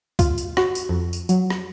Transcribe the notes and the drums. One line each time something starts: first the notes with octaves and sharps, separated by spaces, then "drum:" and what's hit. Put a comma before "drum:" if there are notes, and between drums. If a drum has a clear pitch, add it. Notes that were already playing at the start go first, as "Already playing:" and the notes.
F4, drum: kick, tambourine
drum: tambourine
F#4, drum: rim click
drum: tambourine
F2
drum: tambourine
F#3, drum: tambourine
drum: rim click